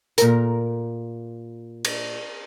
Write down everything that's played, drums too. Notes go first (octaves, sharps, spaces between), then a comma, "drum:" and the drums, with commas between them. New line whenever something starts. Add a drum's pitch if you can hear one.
A#2 A#4, drum: hi-hat
drum: cymbal